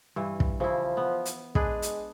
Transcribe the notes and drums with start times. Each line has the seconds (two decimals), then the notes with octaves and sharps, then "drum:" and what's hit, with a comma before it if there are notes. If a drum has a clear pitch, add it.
0.16 G2 E3
0.40 drum: kick
0.60 C#3 F3 E4
0.97 B3
1.25 drum: hi-hat
1.55 G#3 D4 G#4 B4, drum: kick
1.82 drum: hi-hat